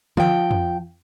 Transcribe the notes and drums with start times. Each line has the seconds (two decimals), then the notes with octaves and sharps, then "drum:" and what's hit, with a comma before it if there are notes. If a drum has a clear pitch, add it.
0.17 F3 G5, drum: tom D3
0.51 drum: tom F2